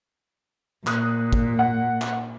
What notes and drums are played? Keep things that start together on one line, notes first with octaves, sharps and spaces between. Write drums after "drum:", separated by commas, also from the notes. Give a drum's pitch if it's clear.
A#2 D#6 F#6, drum: clap
drum: kick
F#5
drum: clap